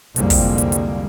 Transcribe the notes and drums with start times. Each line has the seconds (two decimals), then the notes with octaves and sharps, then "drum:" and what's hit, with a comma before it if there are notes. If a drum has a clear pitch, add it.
0.16 C2 F2 D3 G3 G#3 A#3, drum: hi-hat
0.30 drum: kick, open hi-hat
0.58 drum: hi-hat
0.72 drum: hi-hat